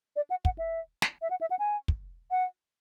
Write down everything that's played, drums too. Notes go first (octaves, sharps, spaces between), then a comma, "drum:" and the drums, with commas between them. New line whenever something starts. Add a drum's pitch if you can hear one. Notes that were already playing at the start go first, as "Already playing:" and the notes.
D5
F#5
F#5, drum: kick
E5
drum: snare
E5
F#5
E5
F#5
G#5
drum: kick
F#5